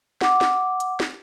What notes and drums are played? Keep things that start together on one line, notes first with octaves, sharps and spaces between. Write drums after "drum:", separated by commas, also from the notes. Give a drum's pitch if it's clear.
F#5 D6, drum: snare
drum: snare
drum: hi-hat
drum: snare